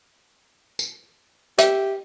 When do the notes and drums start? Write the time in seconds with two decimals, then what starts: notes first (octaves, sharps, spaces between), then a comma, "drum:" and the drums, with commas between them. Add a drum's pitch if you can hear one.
0.79 drum: tambourine
1.58 G4 E5, drum: hi-hat